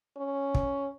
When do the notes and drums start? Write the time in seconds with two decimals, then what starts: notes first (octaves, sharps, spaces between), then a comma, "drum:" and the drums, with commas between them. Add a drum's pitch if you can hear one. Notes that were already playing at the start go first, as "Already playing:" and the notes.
0.17 C#4
0.55 drum: kick